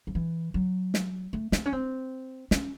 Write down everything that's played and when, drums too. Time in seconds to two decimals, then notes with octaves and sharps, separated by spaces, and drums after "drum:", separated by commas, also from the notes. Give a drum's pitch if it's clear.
0.07 F3
0.15 E3
0.54 F#3
0.94 drum: snare
1.33 A3
1.52 C4, drum: snare
1.66 C#4
1.73 C4
2.51 C#4, drum: snare